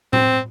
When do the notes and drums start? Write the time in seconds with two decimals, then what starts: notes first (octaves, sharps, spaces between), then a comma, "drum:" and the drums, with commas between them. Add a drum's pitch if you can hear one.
0.13 C4, drum: tom A2